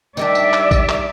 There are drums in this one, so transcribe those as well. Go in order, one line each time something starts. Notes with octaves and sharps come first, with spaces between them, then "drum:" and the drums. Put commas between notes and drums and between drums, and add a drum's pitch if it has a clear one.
D#3 G3 D4 D5 E5, drum: tambourine
drum: tambourine
drum: clap
drum: kick A1, tambourine
drum: clap